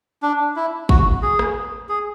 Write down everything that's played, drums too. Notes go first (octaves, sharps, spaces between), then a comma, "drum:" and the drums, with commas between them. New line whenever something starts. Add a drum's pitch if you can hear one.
D4
E4
F#4, drum: kick
G#4
drum: rim click
G#4